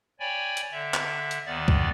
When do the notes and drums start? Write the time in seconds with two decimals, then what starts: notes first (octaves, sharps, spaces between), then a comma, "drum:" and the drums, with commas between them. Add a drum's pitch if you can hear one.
0.20 C#5 D5 G5 G#5 B5
0.57 drum: hi-hat
0.72 D3 E5
0.94 drum: clap
1.31 drum: hi-hat
1.46 D#2 D#3 B3 D5 A6
1.68 drum: kick